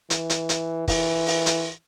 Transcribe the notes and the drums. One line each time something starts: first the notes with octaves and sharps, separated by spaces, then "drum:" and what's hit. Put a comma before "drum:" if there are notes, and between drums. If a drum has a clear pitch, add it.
E3, drum: hi-hat
drum: hi-hat
drum: hi-hat
E3, drum: kick, open hi-hat
drum: open hi-hat
drum: hi-hat